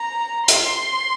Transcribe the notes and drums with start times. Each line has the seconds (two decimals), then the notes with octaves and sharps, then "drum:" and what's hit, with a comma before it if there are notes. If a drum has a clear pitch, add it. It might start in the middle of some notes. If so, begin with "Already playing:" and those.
Already playing: A#5
0.48 C6, drum: hi-hat